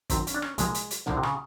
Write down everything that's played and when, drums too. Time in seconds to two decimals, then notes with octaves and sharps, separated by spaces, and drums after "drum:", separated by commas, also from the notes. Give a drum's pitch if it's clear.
0.10 G#1 F#2 D#3 C4, drum: kick, hi-hat
0.27 C#4, drum: hi-hat
0.34 D4
0.42 C#4, drum: rim click
0.58 C2 A#2 F3 G#3 A#3, drum: hi-hat
0.74 drum: hi-hat
0.91 drum: hi-hat
1.06 C2 A#2 D3 F3 A#3
1.17 C3
1.23 C#3, drum: rim click